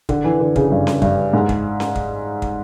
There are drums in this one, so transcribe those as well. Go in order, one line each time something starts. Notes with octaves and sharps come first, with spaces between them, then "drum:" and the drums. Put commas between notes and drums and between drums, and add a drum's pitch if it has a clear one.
D3, drum: kick
E3
D3
C#3, drum: kick
G2
drum: snare C#4
G2, drum: kick
G#2
drum: kick
drum: snare C#4
drum: kick
drum: kick